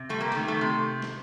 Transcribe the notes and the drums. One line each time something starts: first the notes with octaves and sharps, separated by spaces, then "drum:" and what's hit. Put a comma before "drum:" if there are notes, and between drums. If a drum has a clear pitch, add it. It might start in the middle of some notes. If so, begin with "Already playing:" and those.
Already playing: C3
G3 A3
A#3
D#3 A3, drum: snare
A3
C3
drum: snare